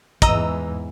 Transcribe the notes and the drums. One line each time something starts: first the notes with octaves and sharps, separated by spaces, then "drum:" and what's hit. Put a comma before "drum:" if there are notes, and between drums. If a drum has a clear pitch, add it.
E2 G#2 E3 D#5 A#5 E6, drum: kick